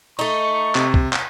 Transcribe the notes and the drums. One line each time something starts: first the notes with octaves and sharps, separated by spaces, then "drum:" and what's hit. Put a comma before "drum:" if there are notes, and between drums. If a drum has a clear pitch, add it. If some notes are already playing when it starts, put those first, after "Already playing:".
A3 D#4 C#6
C3, drum: clap
drum: kick C2
drum: clap